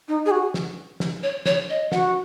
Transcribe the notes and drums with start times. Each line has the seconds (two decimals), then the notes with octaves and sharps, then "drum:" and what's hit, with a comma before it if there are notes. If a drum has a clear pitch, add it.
0.08 D#4
0.26 G#4
0.31 F#4
0.54 drum: snare
1.00 drum: snare
1.23 C#5
1.46 C#5, drum: snare
1.70 D#5
1.92 F#4 F#5, drum: snare